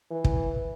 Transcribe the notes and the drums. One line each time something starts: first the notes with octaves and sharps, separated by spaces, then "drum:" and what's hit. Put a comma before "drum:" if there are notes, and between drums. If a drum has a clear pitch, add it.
E3
drum: kick